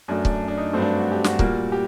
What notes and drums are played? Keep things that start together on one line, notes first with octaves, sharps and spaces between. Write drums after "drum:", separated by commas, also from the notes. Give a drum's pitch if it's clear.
F#2 F#3 A3 D4
D4, drum: kick C#1
D4
D#4
G2 F#3 A3 C4
D4
F#4
G4
F#4, drum: snare
A#2 G3 A#3, drum: kick C#1
G4